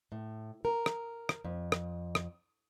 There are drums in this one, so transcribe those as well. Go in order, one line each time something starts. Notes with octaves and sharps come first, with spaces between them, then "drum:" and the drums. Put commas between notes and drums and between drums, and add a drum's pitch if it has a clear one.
A2
A#4
drum: rim click
drum: rim click
F2
drum: rim click
drum: rim click